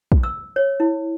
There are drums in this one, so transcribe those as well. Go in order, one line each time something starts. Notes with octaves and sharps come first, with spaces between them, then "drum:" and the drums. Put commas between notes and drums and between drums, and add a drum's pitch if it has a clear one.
drum: kick
E6
C#5
E4